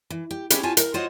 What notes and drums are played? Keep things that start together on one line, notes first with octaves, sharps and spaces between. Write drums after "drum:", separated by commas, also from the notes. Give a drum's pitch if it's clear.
E3
G4
C#4 E4 G4 G#4, drum: hi-hat
F4 G4 C#5 G#5 A5
A#4, drum: hi-hat
F4 F#4 C5 C#5 D#5 F#5